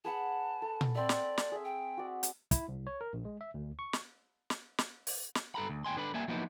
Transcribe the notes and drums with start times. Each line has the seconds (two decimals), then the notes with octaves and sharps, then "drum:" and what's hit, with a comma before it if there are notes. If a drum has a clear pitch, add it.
0.05 G#4 B4 F#5 A5
0.62 A4
0.81 drum: tom A#2
0.95 C4 D5 E5
1.09 drum: snare
1.38 drum: snare
1.52 G#4 E5
1.65 G5
1.97 F#4 D5
2.23 drum: hi-hat
2.51 E4, drum: kick, hi-hat
2.68 C2
2.87 C#5
3.01 A#4
3.13 A#1
3.25 G#3
3.41 E5
3.54 D2
3.79 C#6
3.93 drum: snare
4.50 drum: snare
4.78 drum: snare
5.07 drum: open hi-hat
5.35 drum: snare
5.55 G2 A4 A#5 B5
5.70 D2
5.84 D#2 G5 G#5 C6
5.96 D3 D4 B4 B5
6.14 G3 A#3 E5 G#5
6.28 F3 F#3 A#3 B3 D#4 E4